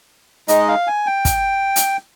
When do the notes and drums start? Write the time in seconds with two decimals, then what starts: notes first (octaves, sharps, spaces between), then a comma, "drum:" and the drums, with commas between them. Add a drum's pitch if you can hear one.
0.48 G#3 D#4 D#5, drum: hi-hat
0.68 F5
0.87 G#5
1.06 G5
1.25 drum: kick, hi-hat
1.76 drum: hi-hat